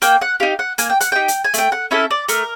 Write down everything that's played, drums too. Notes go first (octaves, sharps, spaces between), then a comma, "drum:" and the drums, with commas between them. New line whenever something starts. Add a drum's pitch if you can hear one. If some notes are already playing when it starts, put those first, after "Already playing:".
A#3 G5, drum: hi-hat
F#5
D#4 G4 F5
F#5
A#3 G#5, drum: hi-hat
G5
F#5, drum: hi-hat
D#4 G4 G5
drum: hi-hat
G#5
A3 G5, drum: hi-hat
F#5
C#4 E4 A4 E5
D5
A3 A#4, drum: hi-hat